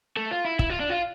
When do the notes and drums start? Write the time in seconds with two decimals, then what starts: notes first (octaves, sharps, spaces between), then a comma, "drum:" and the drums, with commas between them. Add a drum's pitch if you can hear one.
0.17 A3
0.31 F4
0.45 E4
0.59 E4, drum: kick
0.69 F4
0.80 D4
0.89 F4